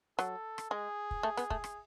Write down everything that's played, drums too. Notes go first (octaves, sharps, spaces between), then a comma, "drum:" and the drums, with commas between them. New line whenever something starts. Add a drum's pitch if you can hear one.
F#3 A4, drum: rim click
drum: rim click
G#3 G#4
drum: kick
A3
B3, drum: rim click
A3, drum: kick
drum: rim click